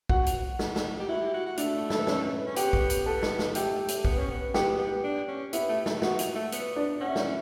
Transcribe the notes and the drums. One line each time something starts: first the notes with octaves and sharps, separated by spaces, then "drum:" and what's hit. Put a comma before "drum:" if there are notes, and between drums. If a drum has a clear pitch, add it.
F#4 F#5, drum: kick
drum: hi-hat
drum: snare
drum: snare
G4
E4 F#4 E5
G4
F#4
F#4
A3 D4 D5, drum: hi-hat
A4, drum: snare
B4
C#4 C#5, drum: snare
B4
C#4
B3 G4 G5, drum: hi-hat
drum: kick
drum: hi-hat
B3 A4 A5
drum: snare
drum: snare
A3 G4 G5, drum: hi-hat
drum: hi-hat
B3, drum: kick
C#4
B3
B3 G4 G5, drum: snare
B3
D4
C#4
B3 E4 E5, drum: hi-hat
A3
A3, drum: snare
B3 F#4 F#5, drum: snare
drum: hi-hat
A3
B3, drum: hi-hat
D4 D5
C#4 F#5
E5
D5, drum: snare
E4 E5